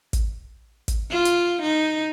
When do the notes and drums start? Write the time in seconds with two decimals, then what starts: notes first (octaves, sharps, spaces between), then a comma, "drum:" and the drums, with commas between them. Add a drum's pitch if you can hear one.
0.13 drum: kick, hi-hat
0.88 drum: kick, hi-hat
1.11 F4
1.25 drum: hi-hat
1.63 D#4